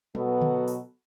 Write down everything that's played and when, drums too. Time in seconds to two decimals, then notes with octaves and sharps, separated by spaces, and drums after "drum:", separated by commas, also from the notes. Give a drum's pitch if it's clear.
0.15 B2 F#3 B3 F#4 A4, drum: tom F#3
0.41 drum: tom D3
0.68 drum: open hi-hat